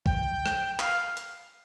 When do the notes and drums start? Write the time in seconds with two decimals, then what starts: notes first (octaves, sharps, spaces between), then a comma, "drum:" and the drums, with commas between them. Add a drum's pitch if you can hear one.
0.06 G5, drum: kick B1
0.46 drum: rim click
0.79 F5, drum: clap
1.17 drum: hi-hat